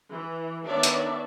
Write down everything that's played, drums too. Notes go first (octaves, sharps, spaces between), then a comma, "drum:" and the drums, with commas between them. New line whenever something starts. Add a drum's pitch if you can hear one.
E3
D#3 B3 D4 C#5 D5 E5
drum: hi-hat